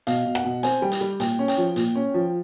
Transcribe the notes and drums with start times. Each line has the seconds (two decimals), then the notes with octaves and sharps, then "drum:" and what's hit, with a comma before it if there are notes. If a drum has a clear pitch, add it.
0.07 B2 F5, drum: hi-hat
0.25 B2
0.35 F#5, drum: rim click
0.45 B2
0.63 C4 G#5, drum: hi-hat
0.82 G3 G5
0.92 drum: hi-hat
1.01 G3
1.20 A#2 G5, drum: hi-hat
1.39 C#4
1.48 G5, drum: hi-hat
1.58 F3
1.76 A#2, drum: hi-hat
1.95 C#4
2.14 F3